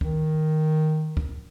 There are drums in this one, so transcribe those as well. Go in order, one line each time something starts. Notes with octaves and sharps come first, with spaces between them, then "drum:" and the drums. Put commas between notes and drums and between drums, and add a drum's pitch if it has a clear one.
D#3, drum: kick
drum: kick